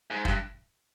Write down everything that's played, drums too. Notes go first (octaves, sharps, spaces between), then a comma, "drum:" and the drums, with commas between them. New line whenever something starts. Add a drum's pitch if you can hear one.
G#2
G2, drum: kick